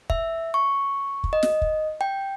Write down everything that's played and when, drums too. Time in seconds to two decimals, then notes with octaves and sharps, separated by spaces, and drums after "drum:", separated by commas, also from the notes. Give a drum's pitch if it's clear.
0.10 E5, drum: kick
0.54 C#6
1.24 drum: kick
1.33 D#5
1.43 drum: snare
1.62 drum: kick
2.01 G5